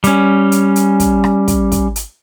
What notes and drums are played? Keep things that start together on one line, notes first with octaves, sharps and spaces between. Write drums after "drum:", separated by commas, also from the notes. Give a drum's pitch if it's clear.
G3 C#4, drum: hi-hat
drum: hi-hat
drum: hi-hat
drum: kick, hi-hat
drum: rim click
drum: kick, hi-hat
drum: kick, hi-hat
drum: hi-hat